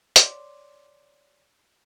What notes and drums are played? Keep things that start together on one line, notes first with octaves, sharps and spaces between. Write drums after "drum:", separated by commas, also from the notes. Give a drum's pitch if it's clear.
C#5 D5 C6 D6, drum: hi-hat